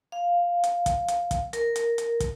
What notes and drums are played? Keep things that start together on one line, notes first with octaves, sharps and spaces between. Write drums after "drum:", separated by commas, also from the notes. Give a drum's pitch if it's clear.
F5
drum: hi-hat
drum: kick, hi-hat
drum: hi-hat
drum: kick, hi-hat
A#4, drum: hi-hat
drum: hi-hat
drum: hi-hat
drum: kick, hi-hat